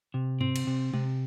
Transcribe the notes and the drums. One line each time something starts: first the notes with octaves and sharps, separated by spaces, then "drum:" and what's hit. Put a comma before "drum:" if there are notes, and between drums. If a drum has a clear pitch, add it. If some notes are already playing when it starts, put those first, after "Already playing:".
C3
C4, drum: tom G2
drum: cymbal
C3
C3, drum: tom G#3